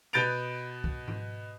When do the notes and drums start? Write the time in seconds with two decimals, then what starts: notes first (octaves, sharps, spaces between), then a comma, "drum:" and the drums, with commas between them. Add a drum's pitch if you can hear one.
0.13 B2 B4 G6 A6 D7 F7
0.84 drum: kick C2
1.08 drum: tom G#2